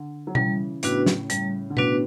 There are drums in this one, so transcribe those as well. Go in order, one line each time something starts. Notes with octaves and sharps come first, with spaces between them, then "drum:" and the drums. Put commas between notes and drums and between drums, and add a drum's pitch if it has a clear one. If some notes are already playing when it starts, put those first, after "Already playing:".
Already playing: D3
F#3
C#3 E3 G3, drum: tom B2
A2 C#3 B3 D4 F#4 B4, drum: hi-hat
drum: snare
A2 C#3 G3, drum: hi-hat
D3
A2 C#3 B3 D4 F#4 B4, drum: tom B2